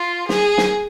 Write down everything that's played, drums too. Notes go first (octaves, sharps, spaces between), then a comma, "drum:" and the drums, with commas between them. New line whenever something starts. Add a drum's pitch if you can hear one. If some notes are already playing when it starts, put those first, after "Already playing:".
Already playing: F4
G#4, drum: snare
drum: snare